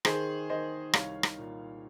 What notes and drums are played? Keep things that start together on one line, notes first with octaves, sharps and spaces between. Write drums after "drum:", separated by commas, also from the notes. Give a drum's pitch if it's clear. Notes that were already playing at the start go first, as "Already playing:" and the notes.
D#3 G#4 C5, drum: rim click
D#3 C5 D#5
C2 C#5 F5, drum: rim click
drum: rim click
A#2